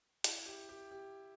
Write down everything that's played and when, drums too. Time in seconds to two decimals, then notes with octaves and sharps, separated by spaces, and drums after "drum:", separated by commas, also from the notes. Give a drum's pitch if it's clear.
0.24 E4, drum: hi-hat
0.46 G4
0.69 G4
0.91 G4